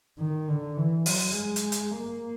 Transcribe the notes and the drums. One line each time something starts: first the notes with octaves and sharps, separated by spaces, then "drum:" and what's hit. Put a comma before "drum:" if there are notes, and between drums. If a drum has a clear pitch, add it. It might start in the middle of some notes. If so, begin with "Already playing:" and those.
D#3
D3
E3
F#3, drum: open hi-hat
G#3
drum: hi-hat
drum: hi-hat
A#3